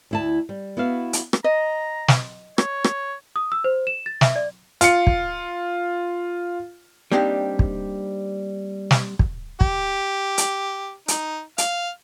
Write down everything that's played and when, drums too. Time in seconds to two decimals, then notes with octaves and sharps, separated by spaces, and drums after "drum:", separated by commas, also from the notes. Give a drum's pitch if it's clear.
0.11 D2 E4 A5
0.49 G3
0.77 B3 E4 F#4 E5 F5
1.13 drum: hi-hat
1.33 drum: rim click
1.44 D#5 A#5
2.08 drum: snare
2.58 C#5, drum: rim click
2.84 drum: rim click
3.36 D#6
3.52 E6
3.64 C5
3.87 E7
4.06 A6
4.21 E5, drum: snare
4.36 D5
4.81 F4 C#7, drum: hi-hat
5.07 drum: kick
7.12 G3 A#3 C4 D4 D#4 G4
7.59 drum: kick
8.91 drum: snare
9.19 drum: kick
9.61 G4, drum: kick
10.38 drum: hi-hat
11.08 D#4, drum: hi-hat
11.58 F5, drum: hi-hat